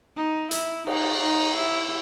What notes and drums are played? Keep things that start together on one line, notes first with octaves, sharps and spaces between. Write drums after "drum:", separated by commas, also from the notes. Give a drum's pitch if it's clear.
D#4
E4, drum: hi-hat
D#4, drum: cymbal
D#4
E4